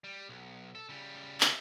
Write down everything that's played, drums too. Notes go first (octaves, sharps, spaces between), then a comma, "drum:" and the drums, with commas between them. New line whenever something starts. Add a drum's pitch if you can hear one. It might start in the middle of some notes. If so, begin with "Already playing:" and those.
G3
B1
A4
C#3 G3
drum: clap